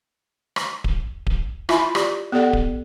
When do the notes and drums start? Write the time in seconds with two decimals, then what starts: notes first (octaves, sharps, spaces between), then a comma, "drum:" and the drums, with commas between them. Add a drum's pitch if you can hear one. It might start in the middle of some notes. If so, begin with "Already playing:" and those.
0.56 drum: rim click
0.84 drum: kick D1
1.27 drum: kick D1
1.69 E4 F4 E5 G#5 B5 C6, drum: rim click
1.95 G4 D5, drum: rim click
2.32 B3 G4 A4 D5 F#5
2.53 drum: kick D1